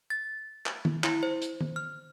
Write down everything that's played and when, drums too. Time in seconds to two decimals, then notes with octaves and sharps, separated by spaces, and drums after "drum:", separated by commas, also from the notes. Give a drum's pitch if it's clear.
0.10 A6
0.66 drum: clap
0.85 drum: tom D#3
1.04 E4, drum: clap
1.23 C5
1.42 drum: hi-hat
1.61 drum: tom D#3
1.76 F6